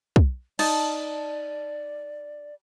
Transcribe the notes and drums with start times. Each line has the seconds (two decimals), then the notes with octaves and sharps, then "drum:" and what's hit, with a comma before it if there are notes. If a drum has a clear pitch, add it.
0.16 drum: kick
0.59 D#4 D5 A5, drum: cymbal